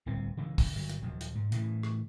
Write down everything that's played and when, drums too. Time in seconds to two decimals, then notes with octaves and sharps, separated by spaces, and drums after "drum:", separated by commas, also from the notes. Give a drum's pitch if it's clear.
0.06 D1 C2 C3 C4
0.37 C#3 E3 G#3
0.58 drum: kick, open hi-hat
0.73 G1 F#3
0.89 drum: hi-hat
1.02 D#1 F3 F#3
1.21 drum: hi-hat
1.35 G#2
1.52 A2 C#3 E3, drum: hi-hat
1.83 drum: rim click